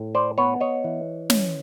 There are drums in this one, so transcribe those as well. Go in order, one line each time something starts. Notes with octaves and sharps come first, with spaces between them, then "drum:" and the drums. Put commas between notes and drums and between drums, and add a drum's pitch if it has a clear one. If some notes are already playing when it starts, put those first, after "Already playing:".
Already playing: A2
C5 D5
B3 B4 C#5
C#5 D#5
E3
C#4, drum: snare